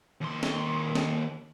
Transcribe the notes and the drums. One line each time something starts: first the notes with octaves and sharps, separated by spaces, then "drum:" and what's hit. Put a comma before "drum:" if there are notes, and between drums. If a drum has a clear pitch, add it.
D#2 C6
drum: snare
drum: snare